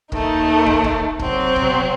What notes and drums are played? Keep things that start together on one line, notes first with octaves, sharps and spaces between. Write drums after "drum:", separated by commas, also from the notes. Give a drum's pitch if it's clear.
D#2 D#3 A3 D#4, drum: kick
drum: kick
drum: kick
C3 F#3 C4, drum: kick
drum: kick